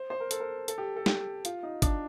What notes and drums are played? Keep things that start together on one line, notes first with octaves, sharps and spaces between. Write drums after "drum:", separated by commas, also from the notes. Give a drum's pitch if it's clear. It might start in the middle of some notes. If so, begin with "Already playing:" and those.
Already playing: C5
C5
A#4
A4, drum: hi-hat
A#4
A4, drum: hi-hat
G4
A4
G4, drum: snare
F4, drum: hi-hat
D#4
D4, drum: kick, hi-hat